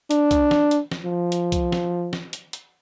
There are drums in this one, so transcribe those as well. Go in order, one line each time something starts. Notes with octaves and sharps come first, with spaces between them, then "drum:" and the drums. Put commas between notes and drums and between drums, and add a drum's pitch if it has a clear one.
D4, drum: hi-hat
drum: kick C2, hi-hat
drum: snare
drum: hi-hat
drum: snare
F3
drum: hi-hat
drum: kick C2, hi-hat
drum: snare
drum: snare
drum: hi-hat
drum: hi-hat